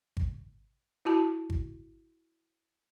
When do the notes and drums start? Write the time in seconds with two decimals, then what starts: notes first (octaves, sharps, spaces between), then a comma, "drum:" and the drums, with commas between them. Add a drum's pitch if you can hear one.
0.17 drum: kick G#1
1.05 E4 F#4 A5
1.50 drum: kick G#1